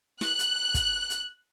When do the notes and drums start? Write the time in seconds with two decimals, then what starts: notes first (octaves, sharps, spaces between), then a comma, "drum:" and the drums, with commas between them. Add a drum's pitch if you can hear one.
0.21 F#6, drum: snare
0.39 drum: hi-hat
0.74 drum: kick, hi-hat
1.10 drum: hi-hat